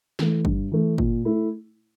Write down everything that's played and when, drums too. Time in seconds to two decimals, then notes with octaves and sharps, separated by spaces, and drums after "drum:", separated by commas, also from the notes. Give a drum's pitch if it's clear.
0.19 E3 A3, drum: snare
0.45 G2, drum: kick
0.72 E3 A3
0.98 A#2, drum: kick
1.25 A3 E4